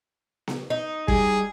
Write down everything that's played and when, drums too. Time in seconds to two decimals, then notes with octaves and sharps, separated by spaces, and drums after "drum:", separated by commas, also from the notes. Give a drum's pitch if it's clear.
0.48 drum: snare B3
0.70 D#4
1.08 G3 G#4, drum: kick